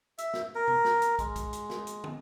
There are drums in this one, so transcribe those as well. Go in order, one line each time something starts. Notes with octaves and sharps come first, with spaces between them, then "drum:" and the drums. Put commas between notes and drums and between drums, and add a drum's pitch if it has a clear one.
E5, drum: hi-hat
drum: snare
A#4
drum: tom C3
drum: snare
drum: hi-hat
G#3, drum: kick, hi-hat
drum: kick, hi-hat
drum: hi-hat
drum: snare
drum: hi-hat
drum: tom